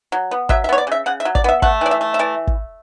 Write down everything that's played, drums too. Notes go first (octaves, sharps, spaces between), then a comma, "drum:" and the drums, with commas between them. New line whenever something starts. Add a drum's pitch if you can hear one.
F#3
B3
F#3 E5, drum: kick
E5
B3 C#5
D5
C#3 E5
C#3 F#5
E5
F#3
D5, drum: kick
B3 E5
A3 F#5, drum: kick
E3 D5
E5
A3
E5
E3 D5
drum: kick